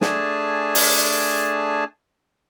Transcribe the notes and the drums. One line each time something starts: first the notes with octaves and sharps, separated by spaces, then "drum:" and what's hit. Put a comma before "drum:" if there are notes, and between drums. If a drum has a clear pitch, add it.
A3 D4 G#4 G#5 A5, drum: snare
drum: open hi-hat